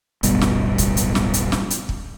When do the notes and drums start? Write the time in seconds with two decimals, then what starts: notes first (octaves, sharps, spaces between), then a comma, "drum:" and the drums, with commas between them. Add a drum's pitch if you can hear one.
0.23 D1 G1 B2 G3, drum: hi-hat
0.41 drum: snare
0.78 drum: kick, hi-hat
0.97 drum: hi-hat
1.15 drum: snare
1.34 drum: hi-hat
1.52 drum: snare
1.70 drum: hi-hat
1.89 drum: kick